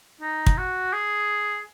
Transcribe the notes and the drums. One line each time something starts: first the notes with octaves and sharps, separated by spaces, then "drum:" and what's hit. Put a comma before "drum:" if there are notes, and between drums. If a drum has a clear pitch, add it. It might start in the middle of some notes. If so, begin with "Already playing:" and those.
D#4
drum: kick
F#4
G#4